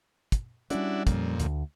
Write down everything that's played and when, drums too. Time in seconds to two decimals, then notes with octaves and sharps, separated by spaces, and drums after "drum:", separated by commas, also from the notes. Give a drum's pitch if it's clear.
0.32 drum: kick, hi-hat
0.70 G3 A#3 C#4 D4 E4 F#4, drum: hi-hat
1.07 F2 A#2, drum: kick, hi-hat
1.40 D2, drum: hi-hat